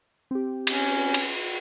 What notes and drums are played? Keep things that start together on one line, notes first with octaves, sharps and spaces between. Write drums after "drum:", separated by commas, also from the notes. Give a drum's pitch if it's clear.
C4 G4
C#4, drum: cymbal
drum: cymbal